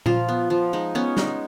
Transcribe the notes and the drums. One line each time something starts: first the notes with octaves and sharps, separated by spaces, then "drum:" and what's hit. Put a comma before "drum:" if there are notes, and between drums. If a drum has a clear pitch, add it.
F3 F4, drum: tom A#2
B3
F3
G#3 D#4
B3 C#4
G#3 D#4, drum: snare